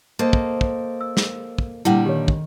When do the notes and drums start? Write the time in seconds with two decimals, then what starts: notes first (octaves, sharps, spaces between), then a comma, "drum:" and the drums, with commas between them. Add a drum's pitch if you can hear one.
0.19 A#3 A4 C5 D#5
0.33 drum: kick
0.61 drum: kick
1.01 E6
1.17 drum: snare
1.58 drum: kick
1.85 A#2 D3 G3 E4 F#5 G5
2.06 D#3 G4 C#5
2.28 drum: kick